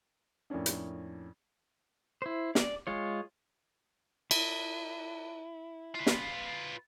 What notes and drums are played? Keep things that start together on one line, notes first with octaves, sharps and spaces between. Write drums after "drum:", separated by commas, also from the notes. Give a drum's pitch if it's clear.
F2 A2 A#3 C#4 D4
drum: hi-hat
E4 C5
D5, drum: snare
G#3 F4 C#5
E4, drum: cymbal
F4 B4
drum: snare